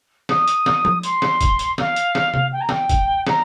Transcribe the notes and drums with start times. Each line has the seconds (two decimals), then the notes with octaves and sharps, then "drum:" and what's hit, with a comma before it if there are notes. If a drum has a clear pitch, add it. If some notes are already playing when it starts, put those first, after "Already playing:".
0.29 D#6, drum: snare
0.48 drum: hi-hat
0.66 drum: snare
0.85 drum: tom
1.03 C6, drum: hi-hat
1.22 drum: snare
1.41 drum: kick, hi-hat
1.59 drum: hi-hat
1.78 F5, drum: snare
1.96 drum: hi-hat
2.15 drum: snare
2.34 drum: tom C3
2.52 G5
2.60 A#5
2.69 G5, drum: snare
2.89 drum: kick, hi-hat
3.27 A#5, drum: snare